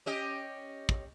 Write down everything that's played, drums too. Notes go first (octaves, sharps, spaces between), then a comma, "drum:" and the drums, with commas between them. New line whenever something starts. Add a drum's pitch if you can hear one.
C#4 G4 D#5
drum: kick